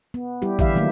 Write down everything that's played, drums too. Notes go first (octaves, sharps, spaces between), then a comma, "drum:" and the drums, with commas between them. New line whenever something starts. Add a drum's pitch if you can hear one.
B3
G3 E4 G4
D3 E3 G4 E5 F5, drum: kick
D#3 F#3 A3 A#3 E4